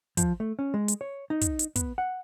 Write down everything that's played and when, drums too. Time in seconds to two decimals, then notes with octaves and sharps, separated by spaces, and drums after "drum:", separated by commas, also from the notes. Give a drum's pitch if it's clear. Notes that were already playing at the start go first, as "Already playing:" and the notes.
0.17 F3, drum: kick, hi-hat
0.40 A3
0.59 C#4
0.74 G#3
0.88 drum: hi-hat
1.01 C#5
1.30 D#4
1.41 drum: kick, hi-hat
1.59 drum: hi-hat
1.76 B3, drum: kick, hi-hat
1.98 F#5